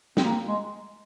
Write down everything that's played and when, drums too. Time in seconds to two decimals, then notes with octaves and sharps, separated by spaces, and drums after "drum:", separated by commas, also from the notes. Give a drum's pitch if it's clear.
0.17 C4, drum: snare
0.24 A#3
0.48 G#3